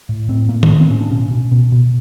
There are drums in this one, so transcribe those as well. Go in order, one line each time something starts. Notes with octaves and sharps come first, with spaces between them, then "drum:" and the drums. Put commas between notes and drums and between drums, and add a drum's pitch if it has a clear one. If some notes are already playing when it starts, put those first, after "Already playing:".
A2
A2 C4
A2 A#3
B3, drum: tom D#3
A2 A#3
C4
A2 C#4
D4
B2 C#4
B2
B2
B2